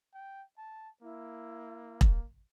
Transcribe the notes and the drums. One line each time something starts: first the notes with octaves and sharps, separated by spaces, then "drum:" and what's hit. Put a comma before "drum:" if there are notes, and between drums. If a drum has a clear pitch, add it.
G5
A5
A#3 E4
drum: kick E1